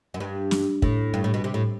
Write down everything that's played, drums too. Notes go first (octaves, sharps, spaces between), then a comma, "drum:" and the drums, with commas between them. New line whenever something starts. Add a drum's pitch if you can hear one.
F#2
G2
drum: snare
A2, drum: kick
G2
A2
B2
C3
A2